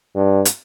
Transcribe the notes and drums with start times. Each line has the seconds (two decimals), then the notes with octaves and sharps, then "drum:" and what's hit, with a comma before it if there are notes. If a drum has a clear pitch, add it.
0.15 G2
0.45 drum: hi-hat